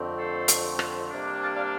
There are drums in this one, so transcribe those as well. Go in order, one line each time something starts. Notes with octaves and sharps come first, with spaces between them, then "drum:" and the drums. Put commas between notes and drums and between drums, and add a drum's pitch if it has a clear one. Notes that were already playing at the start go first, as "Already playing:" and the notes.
Already playing: F2 D3 A3 C4
A4 C5
drum: hi-hat
drum: rim click
C3 G3 A#3 D4
F5 A5
D5 F5